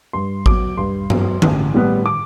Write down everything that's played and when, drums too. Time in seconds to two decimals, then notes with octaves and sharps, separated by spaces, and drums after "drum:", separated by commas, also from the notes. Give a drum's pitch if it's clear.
0.13 G2 C6
0.46 F#3 B3 D6, drum: kick G#1
0.77 G2 C6
1.10 F#3 B3, drum: tom G2
1.42 A1, drum: tom D3
1.74 A2 G3 B3
2.06 D6